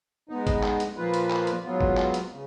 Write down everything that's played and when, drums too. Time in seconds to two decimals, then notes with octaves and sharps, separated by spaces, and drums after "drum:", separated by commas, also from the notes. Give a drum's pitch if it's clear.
0.29 G#3 B3 D#4
0.47 drum: kick, hi-hat
0.63 drum: clap
0.80 drum: hi-hat
0.96 A#2 F3 A#3 F4 B4
1.14 drum: hi-hat
1.30 drum: clap
1.47 drum: hi-hat
1.63 G#2 F#3 B3 F4
1.81 drum: kick
1.97 drum: clap
2.14 drum: hi-hat
2.32 C#3